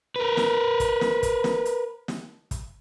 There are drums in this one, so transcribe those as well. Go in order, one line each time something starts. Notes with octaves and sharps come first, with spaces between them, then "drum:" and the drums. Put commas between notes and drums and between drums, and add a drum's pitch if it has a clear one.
A#4 B4
drum: snare
drum: kick, hi-hat
drum: snare
drum: kick, hi-hat
drum: snare
drum: hi-hat
drum: snare
drum: kick, hi-hat